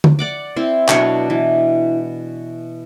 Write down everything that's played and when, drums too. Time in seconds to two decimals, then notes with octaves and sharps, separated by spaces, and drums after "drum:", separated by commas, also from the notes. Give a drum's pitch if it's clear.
0.04 drum: tom D3
0.19 D5 F#5 D6
0.56 C4 E4 C6
0.89 B2 F#3 D4 C#5, drum: clap
1.30 E3